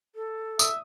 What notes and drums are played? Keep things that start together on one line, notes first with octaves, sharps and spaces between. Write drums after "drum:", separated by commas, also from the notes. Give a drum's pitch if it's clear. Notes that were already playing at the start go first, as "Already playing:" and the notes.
A4
E5 D#6, drum: tambourine